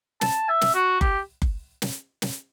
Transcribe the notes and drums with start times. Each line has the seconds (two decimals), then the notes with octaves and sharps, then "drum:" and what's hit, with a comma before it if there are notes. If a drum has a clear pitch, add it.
0.21 A5, drum: snare
0.49 E5
0.61 drum: snare
0.75 F#4
1.01 G4, drum: kick F#1
1.42 drum: kick F#1
1.82 drum: snare
2.22 drum: snare